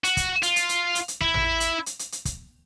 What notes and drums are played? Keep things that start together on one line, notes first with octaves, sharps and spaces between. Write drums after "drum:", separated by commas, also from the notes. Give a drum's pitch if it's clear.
F#4, drum: hi-hat
drum: kick, hi-hat
F4, drum: hi-hat
drum: hi-hat
drum: hi-hat
drum: hi-hat
drum: hi-hat
E4, drum: kick
drum: tom A1
drum: hi-hat
drum: hi-hat
drum: hi-hat
drum: hi-hat
drum: kick, hi-hat